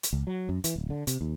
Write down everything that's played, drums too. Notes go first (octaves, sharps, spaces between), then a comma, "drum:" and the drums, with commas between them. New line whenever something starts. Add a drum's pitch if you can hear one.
drum: hi-hat
C#2
F#3
F#2
E3, drum: hi-hat
D1
D3
C3, drum: hi-hat
D#2